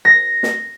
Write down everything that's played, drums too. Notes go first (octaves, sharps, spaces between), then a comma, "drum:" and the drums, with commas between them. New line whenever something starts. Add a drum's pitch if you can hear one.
A#6
drum: snare